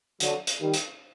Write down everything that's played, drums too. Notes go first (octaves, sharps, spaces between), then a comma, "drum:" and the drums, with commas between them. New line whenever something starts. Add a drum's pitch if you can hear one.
D3 F#3, drum: hi-hat
drum: hi-hat
D#3 G3
drum: hi-hat